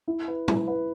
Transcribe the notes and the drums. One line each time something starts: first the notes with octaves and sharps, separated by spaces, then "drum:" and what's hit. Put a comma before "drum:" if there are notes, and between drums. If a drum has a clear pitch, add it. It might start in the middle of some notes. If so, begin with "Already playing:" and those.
E4
B4
E4, drum: tom
B4